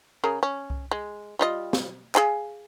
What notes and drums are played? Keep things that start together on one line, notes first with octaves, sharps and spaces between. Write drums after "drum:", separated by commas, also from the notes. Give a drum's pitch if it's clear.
C#3 G#4 A#4
C#4
drum: kick C2
G#3
G3 F4 D#5
drum: snare
G#4 F5 G#5, drum: clap